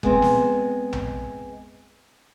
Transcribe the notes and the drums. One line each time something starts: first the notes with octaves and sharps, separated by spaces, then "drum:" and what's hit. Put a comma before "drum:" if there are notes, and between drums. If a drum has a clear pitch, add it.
G#3 B3 C4, drum: kick F#1
drum: snare
drum: tom A#1